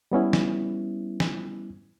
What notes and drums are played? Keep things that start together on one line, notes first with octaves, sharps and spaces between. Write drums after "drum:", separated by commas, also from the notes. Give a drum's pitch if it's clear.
G3 B3 C#4 E4
drum: snare
drum: snare